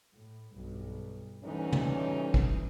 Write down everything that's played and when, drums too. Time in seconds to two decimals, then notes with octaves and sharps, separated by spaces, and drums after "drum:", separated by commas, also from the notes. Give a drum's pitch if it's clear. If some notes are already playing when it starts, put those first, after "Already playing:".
0.14 A2
0.53 B1 G2
1.44 D2 E3 G3 C#4 D#4
1.72 drum: tom
2.34 drum: kick